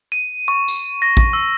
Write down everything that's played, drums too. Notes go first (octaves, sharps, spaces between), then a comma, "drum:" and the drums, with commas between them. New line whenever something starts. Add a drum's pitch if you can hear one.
D#7
C#6
drum: tambourine
A#6
drum: kick A1
E6